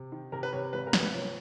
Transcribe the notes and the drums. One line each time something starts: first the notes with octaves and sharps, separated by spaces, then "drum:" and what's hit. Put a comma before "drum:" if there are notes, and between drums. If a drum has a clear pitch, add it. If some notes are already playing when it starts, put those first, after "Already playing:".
Already playing: C3
D#3
C3 A#4
B4
C3 C#5
G#1 B4
A#4
G#1, drum: snare
B4
F3 C#5